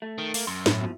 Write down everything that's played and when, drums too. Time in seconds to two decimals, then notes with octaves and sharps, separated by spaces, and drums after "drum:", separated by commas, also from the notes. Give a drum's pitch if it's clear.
0.02 A3
0.18 D#3
0.34 A#3, drum: open hi-hat
0.47 F#2 C6
0.66 A2, drum: snare
0.81 B2 F3